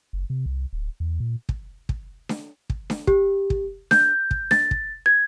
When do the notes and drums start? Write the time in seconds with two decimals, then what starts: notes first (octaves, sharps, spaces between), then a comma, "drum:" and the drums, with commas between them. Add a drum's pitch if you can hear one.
0.13 F#1
0.30 C3
0.46 C2
0.73 D1
1.00 E2
1.20 A#2
1.49 drum: kick
1.89 drum: kick
2.29 drum: snare D4
2.70 drum: kick
2.90 drum: snare D4
3.07 G4, drum: kick
3.50 drum: kick
3.91 G6, drum: snare D4
4.31 drum: kick
4.51 A6, drum: snare D4
4.71 drum: kick
5.06 G#6